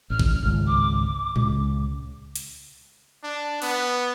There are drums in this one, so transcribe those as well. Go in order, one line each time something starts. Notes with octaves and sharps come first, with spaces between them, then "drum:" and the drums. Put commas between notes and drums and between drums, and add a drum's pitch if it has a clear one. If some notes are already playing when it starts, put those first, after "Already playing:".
A1 F6
drum: kick G#1
G#1 C#2
D6
C#2, drum: tom A2
drum: hi-hat
D4
B3, drum: open hi-hat